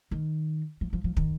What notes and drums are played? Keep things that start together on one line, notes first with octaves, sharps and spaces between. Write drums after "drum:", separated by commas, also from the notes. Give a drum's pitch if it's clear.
D#3
F3
F3
F3
D#3, drum: kick